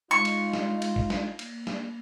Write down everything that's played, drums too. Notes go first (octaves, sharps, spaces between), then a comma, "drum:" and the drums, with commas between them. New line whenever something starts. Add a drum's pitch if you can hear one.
G#3 D#4 F4 C#6
drum: cymbal
drum: snare
drum: cymbal
drum: kick A1
drum: snare
A#3, drum: cymbal
drum: snare